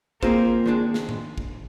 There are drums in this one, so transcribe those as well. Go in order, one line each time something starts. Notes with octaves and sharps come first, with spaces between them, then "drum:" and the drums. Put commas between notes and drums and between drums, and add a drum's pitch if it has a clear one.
F3 A#3 C4 F4 G#4 C5, drum: kick
D#3 G#3 D4 G#4
drum: snare
drum: tom A2
drum: kick